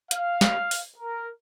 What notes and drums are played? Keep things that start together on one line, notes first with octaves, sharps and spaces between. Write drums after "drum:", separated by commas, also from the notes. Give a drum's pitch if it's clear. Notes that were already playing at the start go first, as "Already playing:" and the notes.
F5, drum: hi-hat
drum: snare
drum: open hi-hat
A#4